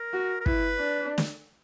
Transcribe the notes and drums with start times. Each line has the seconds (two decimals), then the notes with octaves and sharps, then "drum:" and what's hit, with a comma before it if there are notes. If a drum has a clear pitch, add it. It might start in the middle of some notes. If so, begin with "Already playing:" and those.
Already playing: A#4
0.13 F#4
0.41 A#4
0.46 E4 B4, drum: kick
0.79 D4
1.18 drum: snare